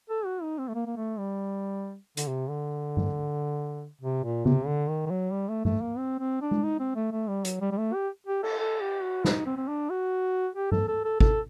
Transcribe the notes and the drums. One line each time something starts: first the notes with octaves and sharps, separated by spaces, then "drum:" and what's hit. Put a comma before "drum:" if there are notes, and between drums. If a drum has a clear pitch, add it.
A4
F#4
D#4
C4
A3
A#3
A#3
A3
G3
D3, drum: hi-hat
C3
D3
drum: tom G2
C3
A#2
C3, drum: tom C#3
D3
D#3
D#3
F#3
G3
A3
A3, drum: tom G2
A#3
C4
C4
D4
drum: tom G#3
D#4
C4
A3
A3
G3
F#3, drum: hi-hat
G3
G3
A3
G4
G4
A4, drum: cymbal
A4
G4
F#4
D#4, drum: snare
C4
C4
D4
F#4
G4
A4, drum: tom G2
A4
A4
A4, drum: kick